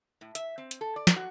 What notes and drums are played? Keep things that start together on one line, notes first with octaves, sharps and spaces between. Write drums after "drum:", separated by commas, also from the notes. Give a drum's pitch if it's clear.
A2
E5, drum: hi-hat
C4
drum: hi-hat
A4
D5
drum: snare
F#4